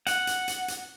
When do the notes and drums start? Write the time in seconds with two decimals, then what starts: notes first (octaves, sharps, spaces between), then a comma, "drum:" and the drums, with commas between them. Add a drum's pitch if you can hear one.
0.07 F#5, drum: hi-hat
0.27 drum: hi-hat
0.48 drum: hi-hat
0.68 drum: hi-hat